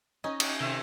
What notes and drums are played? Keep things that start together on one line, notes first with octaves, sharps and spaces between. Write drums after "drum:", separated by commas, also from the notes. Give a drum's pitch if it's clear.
C#4 D#4 D#5
D5 G5 G#5, drum: cymbal
C3 D#3 C4 E5 E6